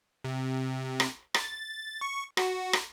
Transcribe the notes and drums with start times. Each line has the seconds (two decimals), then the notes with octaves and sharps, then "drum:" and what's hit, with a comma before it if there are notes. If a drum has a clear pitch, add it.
0.24 C3
1.00 drum: rim click
1.34 A6, drum: rim click
2.01 C#6
2.37 F#4, drum: rim click
2.73 drum: rim click